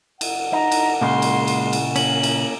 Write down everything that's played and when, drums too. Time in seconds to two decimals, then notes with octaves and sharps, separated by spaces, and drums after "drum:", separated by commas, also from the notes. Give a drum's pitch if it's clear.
0.21 F#1 D4 F#5, drum: cymbal
0.53 D#4 A#5
0.72 drum: cymbal
1.01 A#2 C#3 G#3 A#3 C6
1.22 drum: cymbal
1.47 drum: cymbal
1.73 drum: cymbal
1.96 A#3 C#4 F#7, drum: cymbal
2.23 drum: cymbal